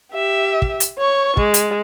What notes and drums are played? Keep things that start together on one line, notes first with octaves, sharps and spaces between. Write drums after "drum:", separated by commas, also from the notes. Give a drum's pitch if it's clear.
G4 E5
drum: kick
drum: hi-hat
C#5 C#6
G#3, drum: kick
drum: hi-hat